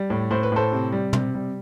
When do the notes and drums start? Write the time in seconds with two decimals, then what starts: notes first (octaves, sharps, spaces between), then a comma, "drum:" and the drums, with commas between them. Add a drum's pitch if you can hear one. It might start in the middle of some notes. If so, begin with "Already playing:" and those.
Already playing: G3
0.10 A2
0.31 A2 C5
0.43 B4
0.52 A2 A4 C5
0.72 C3
0.92 G3
1.13 C3, drum: tom
1.35 G3